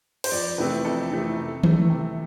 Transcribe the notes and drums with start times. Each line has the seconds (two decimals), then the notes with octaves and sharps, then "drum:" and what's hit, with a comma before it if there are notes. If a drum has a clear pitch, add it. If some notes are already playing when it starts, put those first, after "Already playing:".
0.24 C5, drum: cymbal
0.31 F2 D5
0.58 C3 E3 A3 C4 B4
0.85 F2 A4
1.10 C3 E3 A3 C4
1.37 C3
1.63 E3 A3, drum: tom D#3
1.90 C3